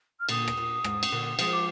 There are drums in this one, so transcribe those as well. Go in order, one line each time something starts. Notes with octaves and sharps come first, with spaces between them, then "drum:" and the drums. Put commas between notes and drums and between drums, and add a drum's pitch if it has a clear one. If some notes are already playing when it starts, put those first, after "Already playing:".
F6
A#2 D3 D#6, drum: cymbal
drum: rim click
A#2
G#2, drum: rim click
drum: cymbal
A#2 D3
F3 G#3 D#6, drum: cymbal
D6